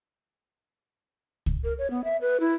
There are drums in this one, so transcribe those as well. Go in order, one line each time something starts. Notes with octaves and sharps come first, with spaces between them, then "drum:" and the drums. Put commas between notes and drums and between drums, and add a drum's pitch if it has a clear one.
drum: kick C#2
A#4
C#5
B3
E5
B4
E4